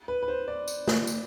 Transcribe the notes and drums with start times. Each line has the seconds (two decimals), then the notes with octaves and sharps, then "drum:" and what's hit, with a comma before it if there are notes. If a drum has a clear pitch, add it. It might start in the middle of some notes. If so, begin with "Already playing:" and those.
0.08 B4
0.23 B4
0.28 C5
0.48 D5
0.68 drum: tambourine
0.87 drum: snare
1.07 drum: tambourine